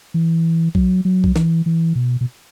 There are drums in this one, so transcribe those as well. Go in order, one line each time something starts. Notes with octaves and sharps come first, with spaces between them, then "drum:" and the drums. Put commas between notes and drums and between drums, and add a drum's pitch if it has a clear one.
E3
F#3, drum: kick B1
F#3
drum: kick B1
E3, drum: snare
E3
B2
B2